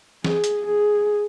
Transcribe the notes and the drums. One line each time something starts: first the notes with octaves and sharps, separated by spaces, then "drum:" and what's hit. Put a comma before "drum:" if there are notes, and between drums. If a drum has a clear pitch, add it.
G#4, drum: snare
drum: hi-hat
G#4